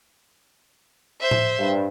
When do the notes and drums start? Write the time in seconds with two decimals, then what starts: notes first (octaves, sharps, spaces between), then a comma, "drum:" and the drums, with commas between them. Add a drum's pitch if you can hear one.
1.21 C5 E5
1.31 drum: tom A2
1.59 G2